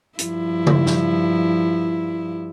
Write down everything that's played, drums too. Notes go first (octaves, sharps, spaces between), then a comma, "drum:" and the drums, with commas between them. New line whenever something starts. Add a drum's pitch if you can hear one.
G2 F3 E4, drum: hi-hat
drum: tom C#3
drum: snare